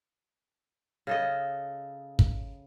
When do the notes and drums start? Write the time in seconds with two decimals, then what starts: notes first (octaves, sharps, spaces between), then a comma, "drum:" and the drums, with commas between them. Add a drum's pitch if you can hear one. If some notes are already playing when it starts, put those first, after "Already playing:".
1.07 C#3 A4 D#5
2.19 drum: kick